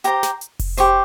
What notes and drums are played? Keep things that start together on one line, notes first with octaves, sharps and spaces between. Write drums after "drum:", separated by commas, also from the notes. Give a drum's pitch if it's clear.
G4 C5 A#5, drum: hi-hat
drum: snare
drum: hi-hat
drum: kick F1, open hi-hat
G4 C5 C#6, drum: hi-hat